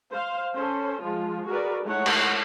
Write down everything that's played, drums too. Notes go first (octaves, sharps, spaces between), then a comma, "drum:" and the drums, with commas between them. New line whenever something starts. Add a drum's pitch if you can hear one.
C5 F5
C#4 A4 C5
F3 G#3 F4
F#4 G#4 A#4 B4 D5
G#3 A3 D#4 E4 C#5 F#5
drum: cymbal